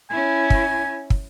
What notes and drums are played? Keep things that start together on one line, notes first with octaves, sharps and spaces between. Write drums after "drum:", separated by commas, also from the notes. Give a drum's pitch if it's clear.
C#4 E4 G#5
drum: kick
drum: kick